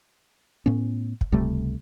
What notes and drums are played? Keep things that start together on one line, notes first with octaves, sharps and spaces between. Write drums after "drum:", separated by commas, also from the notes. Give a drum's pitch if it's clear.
A2 B3 C#4
drum: kick
C#2 C3 G3 A3